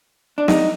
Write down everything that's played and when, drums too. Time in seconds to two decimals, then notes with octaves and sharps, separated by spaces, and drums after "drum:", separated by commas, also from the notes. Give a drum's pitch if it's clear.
0.38 D4
0.48 D#4, drum: snare